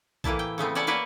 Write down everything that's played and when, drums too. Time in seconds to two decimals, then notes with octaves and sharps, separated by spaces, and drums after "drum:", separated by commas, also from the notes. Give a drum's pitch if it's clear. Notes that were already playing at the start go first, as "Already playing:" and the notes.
0.24 A2 E3 A#3 E4 A5, drum: kick A#1
0.39 G5
0.58 C#3 A3 B3 C4
0.75 C#4 D5 E5 F#5 A5
0.87 A#3 B4 C#5 D5 E5 F#5